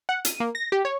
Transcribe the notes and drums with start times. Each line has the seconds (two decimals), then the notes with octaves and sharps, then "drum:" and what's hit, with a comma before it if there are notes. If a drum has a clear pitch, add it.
0.09 F#5
0.25 D#7, drum: hi-hat
0.40 A#3
0.55 A#6
0.72 G4
0.85 C#5